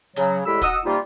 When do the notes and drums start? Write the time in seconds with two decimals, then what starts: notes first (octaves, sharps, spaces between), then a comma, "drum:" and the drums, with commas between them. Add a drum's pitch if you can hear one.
0.16 C#3 F#3, drum: hi-hat
0.45 E2 A2 G#3 G4 B5 E6
0.61 F#4 D#5 F#5 D#6 E6, drum: kick, hi-hat
0.84 C3 G3 A#3 D#4 F4